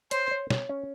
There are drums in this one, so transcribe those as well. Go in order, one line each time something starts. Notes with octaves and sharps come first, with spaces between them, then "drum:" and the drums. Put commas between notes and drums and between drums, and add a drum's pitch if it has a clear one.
C5 C#5, drum: hi-hat
C#5
C#5, drum: snare
C#4